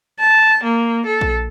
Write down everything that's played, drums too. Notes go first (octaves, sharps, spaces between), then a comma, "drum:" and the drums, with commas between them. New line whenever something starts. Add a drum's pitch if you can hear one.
A5
A#3
A4
drum: kick A#1